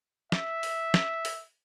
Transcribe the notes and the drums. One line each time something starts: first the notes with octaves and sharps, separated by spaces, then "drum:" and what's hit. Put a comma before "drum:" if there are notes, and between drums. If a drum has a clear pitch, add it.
E5, drum: snare
drum: open hi-hat
drum: snare
drum: open hi-hat